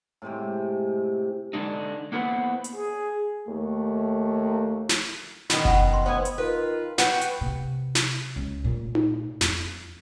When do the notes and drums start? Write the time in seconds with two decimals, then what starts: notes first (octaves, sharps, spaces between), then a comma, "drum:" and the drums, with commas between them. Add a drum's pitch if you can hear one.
0.22 A2 C3 G#3 G4
1.53 D3 G#3 D4 D#4
2.12 A#3 B3 E4 B4 C5 F#5
2.64 drum: hi-hat
2.76 G#4
3.46 D#2 A3
4.89 drum: snare
5.50 B2 D#3 B5, drum: snare
5.65 F#5 B5, drum: kick F#1
5.93 C6
6.06 B3 E4 C5 G#5
6.25 drum: hi-hat
6.38 D#3 F4 B4
6.98 F#4 B4 G5, drum: snare
7.21 drum: hi-hat
7.41 C3
7.95 drum: snare
8.36 C#2
8.64 A#2 A3
8.95 drum: tom D#4
9.41 F2, drum: snare